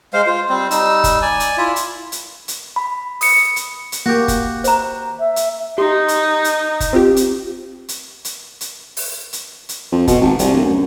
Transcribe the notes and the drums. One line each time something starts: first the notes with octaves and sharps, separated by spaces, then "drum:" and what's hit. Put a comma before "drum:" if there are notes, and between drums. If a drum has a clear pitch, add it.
G#3 C5 F5
F4 C5
G3 C4 C5
G3 D#4 E6, drum: hi-hat
drum: kick F1, hi-hat
D5 G#5
drum: hi-hat
E4 F4 E5
drum: hi-hat
drum: hi-hat
drum: hi-hat
B5
D#6 C#7, drum: open hi-hat
drum: hi-hat
drum: hi-hat
A#3 F#4 G4
drum: kick F1, hi-hat
C5 A#5, drum: hi-hat
E5
drum: hi-hat
D#4 G4 C6
drum: hi-hat
drum: hi-hat
drum: kick F1, hi-hat
C4 F4 G4
drum: hi-hat
drum: hi-hat
drum: hi-hat
drum: hi-hat
drum: open hi-hat
drum: hi-hat
drum: hi-hat
F2
B2, drum: kick F1, hi-hat
G#1
C2, drum: hi-hat
D1
F#2